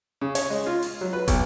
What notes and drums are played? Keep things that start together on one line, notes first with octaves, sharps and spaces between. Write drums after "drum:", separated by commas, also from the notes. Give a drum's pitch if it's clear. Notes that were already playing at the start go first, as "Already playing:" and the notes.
C#3
C#5, drum: hi-hat
G#3
F4
drum: open hi-hat
F#3
B4
B1, drum: kick, hi-hat